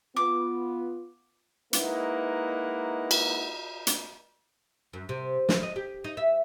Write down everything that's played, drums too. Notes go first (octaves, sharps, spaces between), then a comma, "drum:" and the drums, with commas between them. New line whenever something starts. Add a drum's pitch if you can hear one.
B3 F4 D6
G#3 A#3 D#4 E4 B4 F#5, drum: hi-hat
drum: cymbal
drum: hi-hat
F#2
C3
E3, drum: snare
D#5
G4
D#4
E5